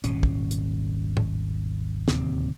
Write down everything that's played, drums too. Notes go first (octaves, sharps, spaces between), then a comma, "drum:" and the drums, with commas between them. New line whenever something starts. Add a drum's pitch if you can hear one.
D#1 G#1 B2 C#4, drum: hi-hat
drum: kick
drum: hi-hat
drum: tom
D1 D#2 C3 C4, drum: snare